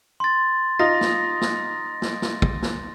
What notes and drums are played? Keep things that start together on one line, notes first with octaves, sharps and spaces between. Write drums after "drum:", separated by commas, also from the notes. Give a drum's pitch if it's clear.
C6 A6
D#4 F4 F5 A#6
drum: snare
drum: snare
drum: snare
drum: snare
drum: kick
drum: snare